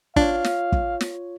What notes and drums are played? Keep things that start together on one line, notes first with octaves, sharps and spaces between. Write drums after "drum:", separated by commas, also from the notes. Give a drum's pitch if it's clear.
D4 F4 C#5 F5, drum: kick
drum: snare
drum: kick
drum: snare